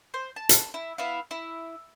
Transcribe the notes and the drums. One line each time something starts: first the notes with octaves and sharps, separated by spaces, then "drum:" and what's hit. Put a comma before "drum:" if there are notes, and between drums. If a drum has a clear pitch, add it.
C5
A5
drum: hi-hat
E4
B3 E4 E5 F5
E4